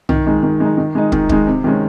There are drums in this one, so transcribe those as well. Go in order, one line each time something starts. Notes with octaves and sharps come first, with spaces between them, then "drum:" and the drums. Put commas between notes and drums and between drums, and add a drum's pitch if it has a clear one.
D#3, drum: tom
G#3 D#4
D#3
G#3 D#4
D#3
G#3 D#4
D#3, drum: kick
G#3 D#4, drum: kick
C3
D#3 G#3 C#4